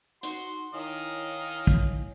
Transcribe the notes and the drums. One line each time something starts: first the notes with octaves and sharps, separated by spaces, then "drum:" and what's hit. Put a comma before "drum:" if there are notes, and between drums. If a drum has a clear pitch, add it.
D#4 F#4 C6, drum: hi-hat
D#3 E4 C#5 D#5 F5 G#5
drum: kick